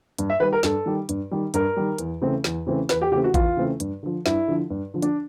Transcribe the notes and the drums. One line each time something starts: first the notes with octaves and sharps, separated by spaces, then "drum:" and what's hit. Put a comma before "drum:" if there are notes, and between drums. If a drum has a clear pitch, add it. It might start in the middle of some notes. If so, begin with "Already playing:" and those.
G2, drum: hi-hat
E5
D#3 G3 B4
A#4
G2 A4, drum: snare
D#3 G3
G2, drum: hi-hat
D#3 G3
G2 A#4, drum: hi-hat
D#3 G3
E2, drum: hi-hat
C#3 E3 A3 C4
E2, drum: snare
C#3 E3 A3 C4
E2 B4, drum: snare
G4
C#3 E3 A3 C4 G4
F#4
E2 F4, drum: kick A1, hi-hat
C#3 E3 A3 C4
G2, drum: hi-hat
D3 F3
G2 E4, drum: snare
D3 F3
G2
D3 F3
D4, drum: hi-hat